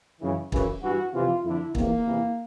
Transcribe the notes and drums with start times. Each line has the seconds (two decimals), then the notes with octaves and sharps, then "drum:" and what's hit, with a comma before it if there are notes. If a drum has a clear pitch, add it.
0.21 F#2 C#3 E3
0.52 F#2 C#3 E3, drum: kick
0.82 G2 E3 F#4
1.13 F2 C3 E3 F4
1.45 F2 D3 E4
1.75 E2 C3 D#3 A#3, drum: kick
2.06 E2 C3 E3